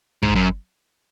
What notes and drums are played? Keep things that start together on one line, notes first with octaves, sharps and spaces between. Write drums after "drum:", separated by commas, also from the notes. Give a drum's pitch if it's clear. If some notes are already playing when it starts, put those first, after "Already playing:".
G#2, drum: kick
F#2